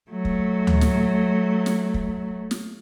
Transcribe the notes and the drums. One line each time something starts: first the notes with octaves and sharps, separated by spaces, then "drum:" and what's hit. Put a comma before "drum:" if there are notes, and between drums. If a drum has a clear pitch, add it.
F#3 A3
drum: kick
drum: tom D2
drum: snare
drum: snare
drum: kick
drum: snare